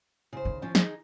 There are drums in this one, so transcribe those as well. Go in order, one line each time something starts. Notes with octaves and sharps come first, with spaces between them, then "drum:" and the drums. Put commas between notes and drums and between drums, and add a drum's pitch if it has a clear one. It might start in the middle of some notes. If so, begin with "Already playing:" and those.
C#3 C5
D#3
F3 C#4 F5
D#4 G#4, drum: snare